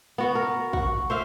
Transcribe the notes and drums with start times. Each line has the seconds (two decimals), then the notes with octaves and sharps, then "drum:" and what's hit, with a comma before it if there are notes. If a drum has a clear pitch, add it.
0.18 B3 F#4
0.35 A#4
0.73 F#4, drum: kick
1.10 C5 E5 F5